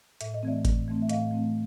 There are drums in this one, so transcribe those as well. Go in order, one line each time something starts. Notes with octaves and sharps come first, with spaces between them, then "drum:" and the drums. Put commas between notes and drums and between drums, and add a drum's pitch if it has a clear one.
A2 E5, drum: hi-hat
D#5
E3 A3 C4 D5 E5
A2, drum: kick G#1, hi-hat
E3 A3 C4
E5
A2 D#5 F5, drum: hi-hat
E3 A3 C4